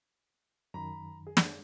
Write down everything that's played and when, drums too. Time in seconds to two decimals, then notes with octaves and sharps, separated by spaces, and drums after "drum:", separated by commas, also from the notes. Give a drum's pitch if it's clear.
0.74 F#2 D#3 A#5 B5
1.27 G#4
1.37 drum: snare